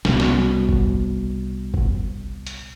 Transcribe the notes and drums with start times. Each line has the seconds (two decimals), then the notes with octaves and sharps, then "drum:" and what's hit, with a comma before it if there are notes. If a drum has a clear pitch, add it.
0.05 C2 B2, drum: snare
0.20 drum: snare
0.69 drum: kick
1.74 drum: kick
2.47 drum: hi-hat